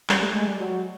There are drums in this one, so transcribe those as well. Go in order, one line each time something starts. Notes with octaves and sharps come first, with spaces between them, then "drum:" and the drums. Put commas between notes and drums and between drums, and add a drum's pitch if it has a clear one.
G3, drum: clap
A3
G#3
G3
F#3